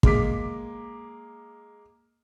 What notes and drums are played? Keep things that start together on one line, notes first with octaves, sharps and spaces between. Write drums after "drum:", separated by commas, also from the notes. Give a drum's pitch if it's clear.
G#3 A#3 D6 B6, drum: kick